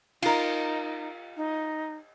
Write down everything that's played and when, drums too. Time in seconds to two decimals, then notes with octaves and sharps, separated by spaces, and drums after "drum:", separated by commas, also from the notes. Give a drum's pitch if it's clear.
0.22 D#4 F4 A#4, drum: cymbal
1.37 D#4